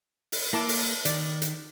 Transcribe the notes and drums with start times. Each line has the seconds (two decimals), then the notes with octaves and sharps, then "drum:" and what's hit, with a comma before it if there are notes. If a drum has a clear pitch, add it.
0.32 drum: open hi-hat
0.53 A#3 E4 A5 D6
0.69 drum: open hi-hat
1.05 D#3 D5, drum: hi-hat
1.42 drum: hi-hat